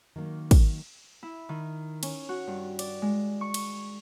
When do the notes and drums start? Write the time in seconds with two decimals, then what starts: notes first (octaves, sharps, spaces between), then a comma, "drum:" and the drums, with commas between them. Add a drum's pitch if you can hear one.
0.16 D#3 F#3 A#3
0.51 drum: kick, cymbal
1.23 E4
1.49 D#3
2.03 C#4, drum: cymbal
2.29 F#4
2.47 G2
2.79 D5, drum: cymbal
3.02 G#3
3.41 C#6
3.54 drum: cymbal